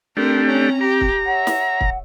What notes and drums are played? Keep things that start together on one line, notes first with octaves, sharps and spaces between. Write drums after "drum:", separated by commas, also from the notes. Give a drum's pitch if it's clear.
A3 C4 D4 G4 A#4 C6
C#4 A#5
G4 A#5
drum: kick
C#5 E5 F#5
drum: snare
drum: kick